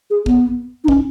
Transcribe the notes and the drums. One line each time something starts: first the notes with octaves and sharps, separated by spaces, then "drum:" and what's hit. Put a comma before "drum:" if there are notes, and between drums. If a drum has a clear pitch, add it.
G#4
B3, drum: kick
D#4
C#4, drum: kick